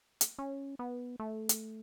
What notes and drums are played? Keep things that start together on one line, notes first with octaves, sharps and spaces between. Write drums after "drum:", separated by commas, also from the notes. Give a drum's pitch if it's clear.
drum: hi-hat
C#4
B3
A3
drum: hi-hat